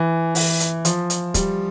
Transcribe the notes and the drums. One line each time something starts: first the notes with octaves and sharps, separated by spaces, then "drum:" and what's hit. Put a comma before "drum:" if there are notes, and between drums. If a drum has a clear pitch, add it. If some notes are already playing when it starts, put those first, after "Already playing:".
Already playing: E3
E3, drum: open hi-hat
drum: hi-hat
F3, drum: hi-hat
drum: hi-hat
G3, drum: kick, hi-hat